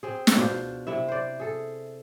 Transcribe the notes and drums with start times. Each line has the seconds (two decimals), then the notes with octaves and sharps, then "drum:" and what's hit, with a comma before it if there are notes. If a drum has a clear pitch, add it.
0.03 C4 G#4
0.27 drum: snare
0.37 B2 D4 F4 C5
0.87 C3 E4 E5
1.08 C5 D5
1.40 G#4 A4